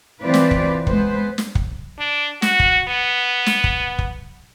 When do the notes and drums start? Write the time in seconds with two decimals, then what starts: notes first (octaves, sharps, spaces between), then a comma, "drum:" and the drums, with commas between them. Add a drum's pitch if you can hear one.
0.21 E3 C4 F4 B4 C5 D5
0.34 drum: snare
0.51 drum: kick
0.87 G#3 B3 B4 C5, drum: kick
1.38 drum: snare
1.55 drum: kick
1.99 D4
2.42 F#4, drum: snare
2.60 drum: kick
2.88 B3
3.46 drum: snare
3.64 drum: kick
3.99 drum: kick